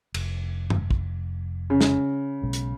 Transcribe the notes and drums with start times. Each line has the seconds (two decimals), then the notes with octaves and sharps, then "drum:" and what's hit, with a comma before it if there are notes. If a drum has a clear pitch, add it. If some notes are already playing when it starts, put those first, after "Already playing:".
0.14 F1, drum: cymbal
0.70 drum: tom G2
0.91 drum: kick
1.70 C#3
1.81 drum: snare
2.43 B1 B2 G#3
2.53 drum: hi-hat